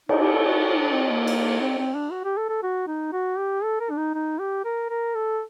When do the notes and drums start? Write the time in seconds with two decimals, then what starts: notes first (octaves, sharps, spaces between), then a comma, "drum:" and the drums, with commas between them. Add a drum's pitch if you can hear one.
0.09 D#4, drum: cymbal
0.22 G4
0.34 A4
0.48 F#4
0.60 F#4
0.77 D4
0.94 C4
1.10 A#3
1.27 drum: cymbal
1.61 C4
1.78 C4
1.95 D4
2.12 F#4
2.24 G4
2.37 A4
2.49 A4
2.63 F#4
2.87 D#4
3.13 F#4
3.38 G4
3.64 A4
3.80 A#4
3.90 D4
3.97 D#4
4.15 D#4
4.39 G4
4.65 A#4
4.90 A#4
5.15 A4